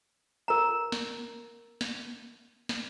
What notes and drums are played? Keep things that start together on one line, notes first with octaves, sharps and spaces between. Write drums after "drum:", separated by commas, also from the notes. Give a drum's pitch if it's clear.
A#4 A#5
drum: snare
drum: snare
drum: snare